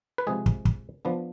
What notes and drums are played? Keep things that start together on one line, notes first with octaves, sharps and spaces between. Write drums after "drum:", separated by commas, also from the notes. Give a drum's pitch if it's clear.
B4
C3 F3 G#3 G#4
drum: kick
drum: kick
F3 B3 D4